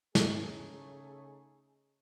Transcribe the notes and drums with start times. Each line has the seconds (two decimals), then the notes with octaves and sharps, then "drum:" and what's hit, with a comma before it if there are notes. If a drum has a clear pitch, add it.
0.15 C#3 A3 D#4 G#4, drum: snare